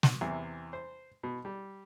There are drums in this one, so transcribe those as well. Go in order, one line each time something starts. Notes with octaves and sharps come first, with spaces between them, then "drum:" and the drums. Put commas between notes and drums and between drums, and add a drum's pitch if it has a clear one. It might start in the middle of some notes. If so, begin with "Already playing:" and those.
drum: snare
E2 C3 E3
C5
B2
G3